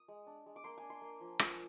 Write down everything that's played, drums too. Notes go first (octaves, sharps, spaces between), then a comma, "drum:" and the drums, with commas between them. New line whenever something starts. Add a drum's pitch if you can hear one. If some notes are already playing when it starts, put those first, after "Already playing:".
Already playing: D#6
G#3
D4
G#3
D6
A#3 C6
G#5
D4
C6
A#3
F3
F3, drum: rim click